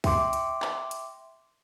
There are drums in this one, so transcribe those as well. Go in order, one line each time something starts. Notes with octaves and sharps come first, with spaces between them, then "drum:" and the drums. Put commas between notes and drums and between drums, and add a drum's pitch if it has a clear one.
E5 G5 C6 D6, drum: kick, open hi-hat
drum: hi-hat
drum: clap
drum: hi-hat